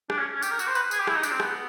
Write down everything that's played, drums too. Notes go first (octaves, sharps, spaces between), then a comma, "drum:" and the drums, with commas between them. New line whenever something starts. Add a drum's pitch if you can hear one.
D4, drum: rim click
C#4
C#4
G4, drum: tambourine
A#4
F#4, drum: tambourine
C5
B4, drum: tambourine
G#4, drum: tambourine
G4
E4, drum: rim click
D#4
D4, drum: tambourine
C4
B3, drum: rim click